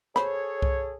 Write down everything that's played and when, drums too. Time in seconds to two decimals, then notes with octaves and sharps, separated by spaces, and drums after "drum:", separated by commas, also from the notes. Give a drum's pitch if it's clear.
0.16 G#4 A4 C5 C#5 B5, drum: rim click
0.62 drum: kick C2